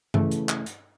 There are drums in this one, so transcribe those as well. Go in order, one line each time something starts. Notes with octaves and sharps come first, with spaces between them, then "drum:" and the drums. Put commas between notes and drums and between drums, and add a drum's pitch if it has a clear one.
C#3 E3 A3, drum: tom G2
drum: hi-hat
drum: clap
drum: hi-hat